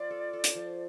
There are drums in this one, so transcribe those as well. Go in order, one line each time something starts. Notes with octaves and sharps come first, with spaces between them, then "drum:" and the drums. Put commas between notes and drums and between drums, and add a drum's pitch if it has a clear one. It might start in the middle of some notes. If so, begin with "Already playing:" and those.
Already playing: F3 F4 D5
A4
A4
drum: hi-hat
F3